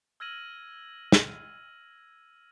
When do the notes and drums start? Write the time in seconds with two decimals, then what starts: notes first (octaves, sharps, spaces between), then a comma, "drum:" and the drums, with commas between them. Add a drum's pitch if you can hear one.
0.20 E6 F6 G#6 A#6 D#7 F#7
1.12 drum: snare